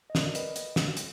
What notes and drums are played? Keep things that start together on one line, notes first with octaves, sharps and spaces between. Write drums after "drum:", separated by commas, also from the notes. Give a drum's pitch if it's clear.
D#5
A#4 D5, drum: snare
B4 D#5, drum: hi-hat
drum: hi-hat
drum: snare
drum: hi-hat